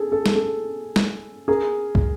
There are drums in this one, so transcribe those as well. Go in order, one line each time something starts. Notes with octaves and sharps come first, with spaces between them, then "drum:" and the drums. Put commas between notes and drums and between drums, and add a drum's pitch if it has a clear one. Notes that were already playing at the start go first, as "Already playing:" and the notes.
Already playing: G#4 A4
A4
drum: snare
A4
drum: snare
G#4 A#4
drum: kick